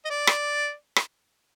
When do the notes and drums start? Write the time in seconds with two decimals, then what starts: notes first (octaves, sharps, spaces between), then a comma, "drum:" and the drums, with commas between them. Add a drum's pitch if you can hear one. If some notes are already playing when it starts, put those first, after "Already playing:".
0.05 D#5
0.10 D5
0.27 drum: rim click
0.96 drum: rim click